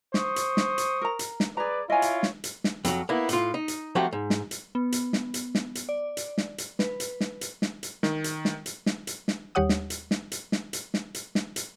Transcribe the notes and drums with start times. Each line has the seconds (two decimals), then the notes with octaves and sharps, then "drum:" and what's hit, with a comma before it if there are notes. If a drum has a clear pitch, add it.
0.14 C5 C#6 D#6, drum: snare
0.36 drum: hi-hat
0.57 drum: snare
0.78 drum: hi-hat
1.01 A#4 A#5
1.19 drum: hi-hat
1.40 drum: snare
1.57 G#4 B4 D5 A#5
1.90 E4 F4 C#5 D#5 G#5
2.02 drum: hi-hat
2.23 drum: snare
2.44 drum: hi-hat
2.64 drum: snare
2.85 F2 F#3, drum: hi-hat
3.09 A#3 B3 E4
3.29 A2 F4, drum: hi-hat
3.54 D#4
3.68 drum: hi-hat
3.95 F3 F#3 A3 C4 F#4 G4
4.13 G#2
4.30 drum: snare
4.51 drum: hi-hat
4.75 B3
4.92 drum: hi-hat
5.13 drum: snare
5.34 drum: hi-hat
5.55 drum: snare
5.75 drum: hi-hat
5.89 D5
6.17 drum: hi-hat
6.38 drum: snare
6.58 drum: hi-hat
6.79 B4, drum: snare
7.00 drum: hi-hat
7.21 drum: snare
7.41 drum: hi-hat
7.62 drum: snare
7.83 drum: hi-hat
8.03 D#3, drum: snare
8.24 drum: hi-hat
8.45 drum: snare
8.66 drum: hi-hat
8.86 drum: snare
9.07 drum: hi-hat
9.28 drum: snare
9.55 D#2 G3 G4 C#5 F#5 D#6
9.69 drum: snare
9.90 drum: hi-hat
10.11 drum: snare
10.32 drum: hi-hat
10.52 drum: snare
10.73 drum: hi-hat
10.94 drum: snare
11.14 drum: hi-hat
11.35 drum: snare
11.56 drum: hi-hat